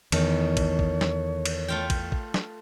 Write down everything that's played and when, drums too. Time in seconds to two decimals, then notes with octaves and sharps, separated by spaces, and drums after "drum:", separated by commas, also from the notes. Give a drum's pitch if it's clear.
0.12 E2 D#3 A3 C#5, drum: cymbal
0.57 drum: kick, cymbal
0.79 drum: kick
1.01 drum: snare
1.46 drum: cymbal
1.68 A3 F4 G5
1.90 drum: kick, cymbal
2.12 drum: kick
2.34 drum: snare